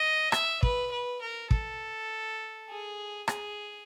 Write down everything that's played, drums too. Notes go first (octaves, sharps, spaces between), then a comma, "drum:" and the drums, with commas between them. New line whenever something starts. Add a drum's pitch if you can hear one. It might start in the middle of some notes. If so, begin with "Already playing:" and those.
Already playing: D#5
E5, drum: rim click
B4, drum: kick
B4
A#4
A4, drum: kick
G#4
G#4, drum: rim click